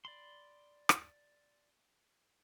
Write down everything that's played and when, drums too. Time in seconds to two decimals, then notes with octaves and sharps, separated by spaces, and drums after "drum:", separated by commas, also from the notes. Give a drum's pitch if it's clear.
0.05 D5 B5 C6
0.89 drum: rim click